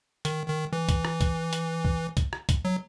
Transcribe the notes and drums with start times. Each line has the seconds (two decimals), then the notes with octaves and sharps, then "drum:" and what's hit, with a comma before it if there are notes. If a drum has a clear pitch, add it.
0.25 D#3, drum: hi-hat
0.48 D#3
0.73 E3
0.89 drum: kick C2, hi-hat
1.05 drum: rim click
1.21 drum: kick C2, hi-hat
1.53 drum: hi-hat
1.85 drum: kick C2
2.17 drum: kick C2, hi-hat
2.33 drum: rim click
2.49 drum: kick C2, hi-hat
2.65 F#3